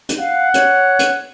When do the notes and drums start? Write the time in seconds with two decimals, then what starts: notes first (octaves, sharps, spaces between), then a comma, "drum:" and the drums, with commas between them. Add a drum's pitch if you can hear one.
0.09 drum: hi-hat
0.19 F5 F#5
0.54 C#5, drum: hi-hat
0.99 drum: hi-hat